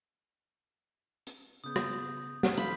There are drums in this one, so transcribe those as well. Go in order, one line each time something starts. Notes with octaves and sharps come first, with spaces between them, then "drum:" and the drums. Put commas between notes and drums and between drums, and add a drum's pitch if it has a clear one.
drum: hi-hat
C#3 B3 D#6 G6
drum: rim click
drum: snare
E3 A4 F5 B5 C6 G6